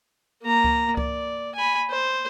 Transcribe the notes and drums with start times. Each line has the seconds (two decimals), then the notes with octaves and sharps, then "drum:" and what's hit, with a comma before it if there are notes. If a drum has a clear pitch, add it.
0.43 A#3 A#5
0.64 drum: kick C#2
0.97 D5, drum: kick C#2
1.55 G#5 B5
1.90 C5